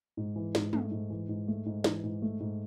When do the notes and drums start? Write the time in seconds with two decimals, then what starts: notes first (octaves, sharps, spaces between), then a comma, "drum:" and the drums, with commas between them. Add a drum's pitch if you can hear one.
0.17 G#2
0.36 E3
0.55 G#2, drum: snare
0.73 A3, drum: tom
0.92 G#2
1.10 E3
1.29 G#2
1.48 A3
1.66 G#2
1.84 E3, drum: snare
2.04 G#2
2.22 A3
2.40 G#2